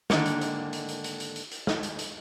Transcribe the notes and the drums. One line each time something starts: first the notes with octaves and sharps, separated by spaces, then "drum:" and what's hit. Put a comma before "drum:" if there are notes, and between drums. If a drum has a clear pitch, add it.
G#2 D3 D#3 A#3, drum: snare
drum: hi-hat
drum: hi-hat
drum: hi-hat
drum: hi-hat
drum: hi-hat
drum: hi-hat
drum: hi-hat
drum: hi-hat
drum: snare
drum: hi-hat
drum: hi-hat